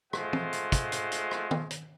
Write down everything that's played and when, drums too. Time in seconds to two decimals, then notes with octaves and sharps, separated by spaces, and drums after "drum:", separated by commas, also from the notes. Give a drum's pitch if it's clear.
0.13 G#3 A3 F4 C5 F#5, drum: rim click
0.33 drum: tom
0.53 drum: hi-hat
0.72 drum: kick, hi-hat
0.92 drum: hi-hat
1.12 drum: hi-hat
1.31 drum: rim click
1.51 drum: tom
1.71 drum: hi-hat